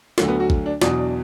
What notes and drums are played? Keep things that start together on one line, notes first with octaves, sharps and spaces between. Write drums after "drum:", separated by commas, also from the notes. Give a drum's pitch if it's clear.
D2 D3 F#3 A3, drum: snare
B3
F#4
drum: kick A1
D4
E2 B2 F#3 D4, drum: snare
D4